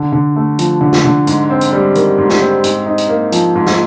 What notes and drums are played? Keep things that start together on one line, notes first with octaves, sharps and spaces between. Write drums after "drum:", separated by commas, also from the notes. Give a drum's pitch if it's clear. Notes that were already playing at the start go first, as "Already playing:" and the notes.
Already playing: D3
D3
A3
F3, drum: hi-hat
D3
drum: snare
D3
G#2, drum: hi-hat
C4
drum: hi-hat
G3
D#3, drum: hi-hat
G#2
drum: snare
C4
G#2, drum: hi-hat
D#4
drum: hi-hat
A#3
F3, drum: hi-hat
G#2
drum: snare